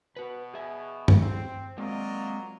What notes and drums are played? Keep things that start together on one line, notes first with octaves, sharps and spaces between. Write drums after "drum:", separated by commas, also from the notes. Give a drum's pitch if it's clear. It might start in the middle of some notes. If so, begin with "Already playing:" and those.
B2 F#4 B4
G#4 E5 G#5
drum: tom G2
C4
F#3 G#3 A#3 C4 F4 D5 D#5